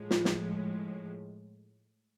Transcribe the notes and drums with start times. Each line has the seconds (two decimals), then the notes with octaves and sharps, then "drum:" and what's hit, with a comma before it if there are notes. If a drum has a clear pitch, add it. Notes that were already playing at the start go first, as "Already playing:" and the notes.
Already playing: A2 F3 G#3
0.11 F4, drum: snare
0.25 drum: snare